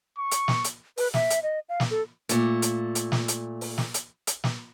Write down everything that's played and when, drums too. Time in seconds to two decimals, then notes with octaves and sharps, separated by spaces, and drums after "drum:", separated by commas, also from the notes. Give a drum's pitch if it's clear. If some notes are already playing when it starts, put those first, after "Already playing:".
0.19 C#6
0.31 drum: hi-hat
0.48 drum: snare
0.64 drum: hi-hat
0.97 B4, drum: open hi-hat
1.14 E5, drum: snare
1.30 drum: hi-hat
1.43 D#5
1.69 F5
1.80 drum: snare
1.91 A4
2.29 A#2 A3, drum: hi-hat
2.62 drum: hi-hat
2.95 drum: hi-hat
3.12 drum: snare
3.28 drum: hi-hat
3.61 drum: open hi-hat
3.78 drum: snare
3.94 drum: hi-hat
4.27 drum: hi-hat
4.44 drum: snare